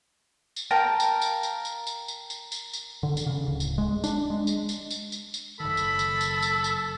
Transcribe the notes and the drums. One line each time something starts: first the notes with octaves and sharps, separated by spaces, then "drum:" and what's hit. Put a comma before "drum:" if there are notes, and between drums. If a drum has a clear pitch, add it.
drum: tambourine
A#4 F5 G5 A5
drum: tambourine
drum: tambourine
drum: tambourine
drum: tambourine
drum: tambourine
drum: tambourine
drum: tambourine
drum: tambourine
drum: tambourine
D3
drum: tambourine
C#3
D1
drum: tambourine
G#3
D4, drum: tambourine
G#3
drum: tambourine
drum: tambourine
drum: tambourine
drum: tambourine
drum: tambourine
F#1 D#3 A4 B5
drum: tambourine
drum: tambourine
drum: tambourine
drum: tambourine
drum: tambourine